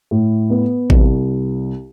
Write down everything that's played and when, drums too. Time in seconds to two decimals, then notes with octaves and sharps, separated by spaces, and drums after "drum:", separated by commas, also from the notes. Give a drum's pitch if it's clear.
0.11 A2
0.50 B3
0.90 C2, drum: kick A1